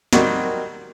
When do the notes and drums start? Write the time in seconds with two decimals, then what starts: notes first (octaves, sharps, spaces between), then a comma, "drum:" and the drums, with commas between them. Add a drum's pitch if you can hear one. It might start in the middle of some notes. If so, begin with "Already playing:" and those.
0.13 D#3 F#3 G3 A#3 C4 F#4, drum: snare